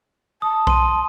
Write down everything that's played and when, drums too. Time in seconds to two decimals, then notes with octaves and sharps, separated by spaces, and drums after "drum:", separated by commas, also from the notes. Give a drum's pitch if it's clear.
0.42 A5 D#6
0.67 C6 D#7, drum: kick B1